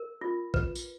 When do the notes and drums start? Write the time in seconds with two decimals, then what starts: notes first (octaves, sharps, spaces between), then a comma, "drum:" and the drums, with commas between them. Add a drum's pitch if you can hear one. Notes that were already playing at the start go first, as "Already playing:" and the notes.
Already playing: A#4
0.21 F4
0.54 B4, drum: kick
0.75 drum: tambourine